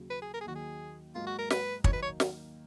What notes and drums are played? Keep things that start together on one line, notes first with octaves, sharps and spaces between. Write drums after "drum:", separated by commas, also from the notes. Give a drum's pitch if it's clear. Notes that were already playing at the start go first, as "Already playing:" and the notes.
Already playing: D#2 C#3 F#3
B4
G#4
A#4
G#4
D#2 D#3 F#3 F#4
G#4
G#2 F#3 A#3 F4
F#4
A#4
B4, drum: snare
D#2 D#3 F#3 A#3 D#4 C#5, drum: kick
B4
C#5
drum: snare